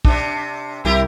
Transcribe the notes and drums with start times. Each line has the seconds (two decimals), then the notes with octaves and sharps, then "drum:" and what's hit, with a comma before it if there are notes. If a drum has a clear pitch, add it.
0.05 C3 D4, drum: kick
0.85 C2 E4 G4 A#4